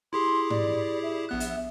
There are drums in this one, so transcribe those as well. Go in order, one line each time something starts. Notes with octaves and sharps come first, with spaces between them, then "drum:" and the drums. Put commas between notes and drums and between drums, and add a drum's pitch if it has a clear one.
E4 G4 G#4 C6
D5, drum: tom G#2
E5
A#1 B3 F#6
drum: hi-hat